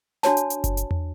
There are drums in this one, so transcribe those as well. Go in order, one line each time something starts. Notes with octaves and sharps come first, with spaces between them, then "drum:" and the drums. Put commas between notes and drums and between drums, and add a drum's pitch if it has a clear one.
D4 F#4 C#5 A5, drum: snare
drum: hi-hat
drum: hi-hat
drum: kick F#1, hi-hat
drum: hi-hat
drum: tom E2